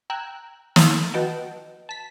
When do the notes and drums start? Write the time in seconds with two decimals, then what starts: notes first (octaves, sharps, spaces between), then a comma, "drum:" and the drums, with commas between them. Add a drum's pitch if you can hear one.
0.10 G5 A#5 E6 F#6 G#6
0.76 drum: snare
1.14 F#4 B4 D#5 F#5 G5 A5
1.89 A5 B6